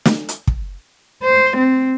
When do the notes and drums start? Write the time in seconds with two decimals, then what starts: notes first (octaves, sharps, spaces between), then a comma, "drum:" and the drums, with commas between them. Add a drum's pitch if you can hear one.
0.06 drum: snare
0.29 drum: hi-hat
0.47 drum: kick
1.24 C5
1.57 C4